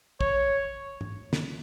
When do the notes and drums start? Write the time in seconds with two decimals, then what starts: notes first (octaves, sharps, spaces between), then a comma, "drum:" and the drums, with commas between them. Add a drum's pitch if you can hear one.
0.21 C#5, drum: kick
1.01 drum: tom
1.33 drum: snare